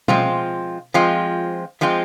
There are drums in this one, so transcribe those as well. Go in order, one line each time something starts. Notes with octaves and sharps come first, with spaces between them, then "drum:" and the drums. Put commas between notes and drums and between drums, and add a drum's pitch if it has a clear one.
F3 G#3 C4 F4, drum: tom
F3 G#3 C4 F4
F3 G#3 C4 F4